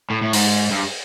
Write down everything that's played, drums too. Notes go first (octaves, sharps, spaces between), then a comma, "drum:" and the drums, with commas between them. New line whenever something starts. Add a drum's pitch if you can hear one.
A2
A2
G#2, drum: open hi-hat
G2